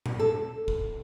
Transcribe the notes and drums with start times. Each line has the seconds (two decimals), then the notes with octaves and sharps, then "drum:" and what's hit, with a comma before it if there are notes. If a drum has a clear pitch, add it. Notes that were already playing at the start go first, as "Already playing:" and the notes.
0.06 drum: tom A#2
0.19 A4
0.68 drum: kick